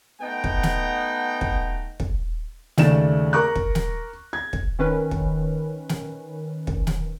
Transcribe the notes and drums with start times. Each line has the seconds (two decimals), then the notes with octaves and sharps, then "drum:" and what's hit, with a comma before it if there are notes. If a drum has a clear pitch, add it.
0.21 A3 B3 D#4 F#5 G5
0.44 drum: kick
0.63 drum: snare
1.41 drum: kick
2.00 drum: kick
2.78 D#2 C#3 A3 D5 E7, drum: snare
3.33 A#4 A#5 C#6 D6 F#6
3.56 drum: kick
3.75 drum: snare
4.33 G#6
4.53 drum: kick
4.79 D#3 C#4 B4
5.11 drum: kick
5.89 drum: snare
6.67 drum: kick
6.87 drum: snare